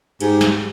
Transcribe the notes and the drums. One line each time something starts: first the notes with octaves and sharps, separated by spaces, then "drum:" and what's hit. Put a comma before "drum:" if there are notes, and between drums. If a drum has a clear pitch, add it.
G#2 G4, drum: cymbal
drum: snare